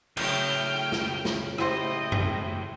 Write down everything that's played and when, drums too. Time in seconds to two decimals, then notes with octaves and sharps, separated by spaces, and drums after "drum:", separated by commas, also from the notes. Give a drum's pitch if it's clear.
0.17 A2 C#3 F#3 G5 F6, drum: cymbal
0.92 drum: snare
1.25 drum: snare
1.58 A2 E4 G4 C5 D#5, drum: rim click
2.12 drum: tom F#2